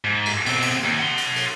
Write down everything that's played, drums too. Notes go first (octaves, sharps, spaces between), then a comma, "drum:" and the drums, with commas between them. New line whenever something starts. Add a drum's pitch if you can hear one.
G#2
drum: cymbal
B2 C4, drum: cymbal
drum: cymbal
D#2
F#5 C6
drum: cymbal
drum: cymbal